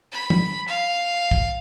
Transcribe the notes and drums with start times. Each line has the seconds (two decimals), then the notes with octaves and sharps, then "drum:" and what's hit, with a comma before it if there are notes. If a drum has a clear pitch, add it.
0.12 B5
0.30 drum: tom
0.68 F5
1.31 drum: kick